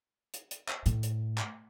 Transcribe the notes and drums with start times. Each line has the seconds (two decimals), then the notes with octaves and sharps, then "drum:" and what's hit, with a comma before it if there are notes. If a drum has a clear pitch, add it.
0.34 drum: hi-hat
0.51 drum: hi-hat
0.68 drum: clap
0.86 A2, drum: hi-hat
1.03 drum: hi-hat
1.38 drum: clap